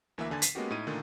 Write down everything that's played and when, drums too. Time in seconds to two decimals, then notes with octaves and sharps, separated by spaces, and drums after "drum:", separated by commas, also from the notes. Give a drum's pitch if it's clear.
0.18 D2 E3 A#3 B4 E5 E6
0.30 D#2 D3 G#5 A6
0.42 B6 C7 D#7, drum: hi-hat
0.55 G#3 A#3 B3 C#4 F#4 G4
0.70 A2 D#4 D#7
0.87 A#2 D3 D#3 A3